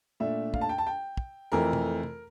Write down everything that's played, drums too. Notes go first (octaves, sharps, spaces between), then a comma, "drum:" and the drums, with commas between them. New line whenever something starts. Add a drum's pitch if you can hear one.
A#2 A3 D4 E5
F5, drum: kick
A5
G5
A5
G5
drum: kick
F2 E3 A3 A#4
drum: tom
drum: tom C3